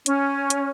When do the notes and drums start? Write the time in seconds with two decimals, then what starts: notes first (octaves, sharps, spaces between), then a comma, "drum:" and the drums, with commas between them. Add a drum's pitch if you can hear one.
0.06 C#4, drum: hi-hat
0.50 drum: hi-hat